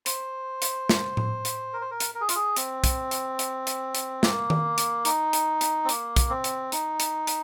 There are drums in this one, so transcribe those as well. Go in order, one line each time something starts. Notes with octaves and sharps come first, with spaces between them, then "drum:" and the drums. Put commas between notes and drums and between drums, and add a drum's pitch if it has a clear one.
C5, drum: hi-hat
drum: hi-hat
drum: snare
drum: tom A2
drum: hi-hat
A#4
C5
A#4
drum: hi-hat
A#4
G#4
F4, drum: hi-hat
G#4
C4, drum: hi-hat
drum: kick, hi-hat
drum: hi-hat
drum: hi-hat
drum: hi-hat
drum: hi-hat
A#3, drum: snare
drum: tom D#3
drum: hi-hat
D#4, drum: hi-hat
drum: hi-hat
drum: hi-hat
C4
A#3, drum: hi-hat
drum: kick, hi-hat
C4
drum: hi-hat
D#4, drum: hi-hat
drum: hi-hat
drum: hi-hat